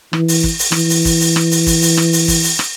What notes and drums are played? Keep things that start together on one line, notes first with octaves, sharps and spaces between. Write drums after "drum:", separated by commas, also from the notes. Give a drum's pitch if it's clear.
E3, drum: rim click
drum: open hi-hat
drum: kick
drum: open hi-hat
E3, drum: rim click
drum: open hi-hat
drum: kick, open hi-hat
drum: open hi-hat
drum: rim click
drum: open hi-hat
drum: kick, open hi-hat
drum: open hi-hat
drum: rim click
drum: open hi-hat
drum: kick, open hi-hat
drum: open hi-hat
drum: rim click